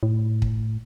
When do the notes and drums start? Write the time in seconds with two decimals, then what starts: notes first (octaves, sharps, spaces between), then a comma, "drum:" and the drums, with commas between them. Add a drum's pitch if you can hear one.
0.03 A2
0.42 drum: kick